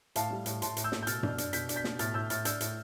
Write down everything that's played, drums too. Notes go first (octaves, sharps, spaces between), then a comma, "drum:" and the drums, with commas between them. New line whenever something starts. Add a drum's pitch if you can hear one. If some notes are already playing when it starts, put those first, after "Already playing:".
A2 F5 A5, drum: hi-hat
G3
A2, drum: hi-hat
A2 A5 C6, drum: hi-hat
A2, drum: hi-hat
E6 G6
A2, drum: snare
G6
B2 F6 A6, drum: hi-hat
D4, drum: tom F#2
D4, drum: hi-hat
B2 G6 B6, drum: hi-hat
D4, drum: hi-hat
G6 B6
B2, drum: snare
A2 F6 A6, drum: hi-hat
A2 E6 G6
A2 F6 A6, drum: hi-hat
D4 E6 G6, drum: hi-hat
A2, drum: hi-hat